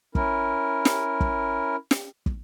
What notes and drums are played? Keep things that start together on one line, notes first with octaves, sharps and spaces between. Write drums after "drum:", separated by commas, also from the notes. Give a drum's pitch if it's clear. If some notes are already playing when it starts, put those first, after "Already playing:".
C#4 E4 A#4, drum: kick
drum: snare
drum: kick
drum: snare
drum: kick